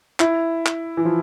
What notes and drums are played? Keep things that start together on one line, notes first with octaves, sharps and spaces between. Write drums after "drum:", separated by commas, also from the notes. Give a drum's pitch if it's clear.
E4, drum: clap
drum: clap
E3
F3